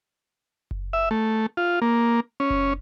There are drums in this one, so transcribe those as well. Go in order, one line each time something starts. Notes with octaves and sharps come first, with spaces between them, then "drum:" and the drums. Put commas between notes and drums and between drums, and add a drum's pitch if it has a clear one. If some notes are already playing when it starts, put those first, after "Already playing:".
drum: kick F#1
E5
A3
F4
A#3
C#4
drum: kick F#1